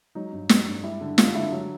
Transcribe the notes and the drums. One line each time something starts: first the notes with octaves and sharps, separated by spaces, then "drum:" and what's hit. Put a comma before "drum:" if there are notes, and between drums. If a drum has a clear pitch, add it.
F#3 D#4
G2
F#3, drum: snare
G2
G3 E4
D3
G3 F4, drum: snare
D3 E4
F#3